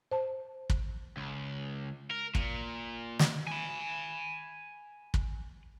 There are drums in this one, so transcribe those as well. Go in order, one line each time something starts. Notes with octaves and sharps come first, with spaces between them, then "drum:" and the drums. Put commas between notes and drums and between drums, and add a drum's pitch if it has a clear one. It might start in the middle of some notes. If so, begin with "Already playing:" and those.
C5 A5
drum: kick
C#2
A#4
A#2, drum: kick
drum: snare
G#5 B5
drum: kick